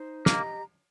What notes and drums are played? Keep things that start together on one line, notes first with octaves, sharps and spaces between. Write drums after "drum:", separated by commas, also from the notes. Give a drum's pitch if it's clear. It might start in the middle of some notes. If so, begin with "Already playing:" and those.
Already playing: D#4 C5
A#3 G4 D#5 A#5, drum: snare